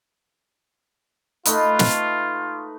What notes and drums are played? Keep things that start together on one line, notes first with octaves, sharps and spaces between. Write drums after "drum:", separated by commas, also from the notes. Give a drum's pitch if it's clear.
A3 D#4 F4 B4, drum: hi-hat
drum: snare